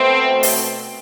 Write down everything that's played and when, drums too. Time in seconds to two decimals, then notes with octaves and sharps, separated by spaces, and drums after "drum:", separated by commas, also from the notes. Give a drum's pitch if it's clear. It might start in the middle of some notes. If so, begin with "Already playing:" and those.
Already playing: B2 A3 C4
0.43 drum: open hi-hat